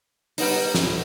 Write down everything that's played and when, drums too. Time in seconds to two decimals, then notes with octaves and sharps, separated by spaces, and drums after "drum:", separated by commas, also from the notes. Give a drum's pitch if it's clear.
0.38 G3 B3 D#4, drum: open hi-hat
0.74 drum: snare